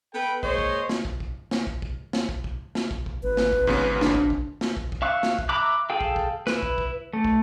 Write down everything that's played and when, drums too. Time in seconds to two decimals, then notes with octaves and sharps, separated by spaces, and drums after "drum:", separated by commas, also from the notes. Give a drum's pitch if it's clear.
0.14 B3 A4 B4 G5
0.43 G#3 A#3 C5 C#5 D#5, drum: kick
0.58 drum: kick
0.89 drum: snare
1.05 drum: kick
1.20 drum: kick
1.51 drum: snare
1.67 drum: kick
1.82 drum: kick
2.13 drum: snare
2.29 drum: kick
2.44 drum: kick
2.75 drum: snare
2.91 drum: kick
3.06 drum: kick
3.23 G#1 B4
3.37 drum: snare
3.53 drum: kick
3.67 G#2 C#3 B3, drum: kick
4.01 D4, drum: snare
4.15 drum: kick
4.30 drum: kick
4.61 drum: snare
4.77 drum: kick
4.92 drum: kick
5.02 E5 F5 C#6 E6 F#6
5.23 drum: snare
5.39 drum: kick
5.49 E5 A#5 B5 D6 F#6
5.90 G#4 A4 F5 G5
6.01 drum: kick
6.16 drum: kick
6.47 E4 B4, drum: snare
6.63 drum: kick
6.78 drum: kick
7.13 A3
7.25 drum: kick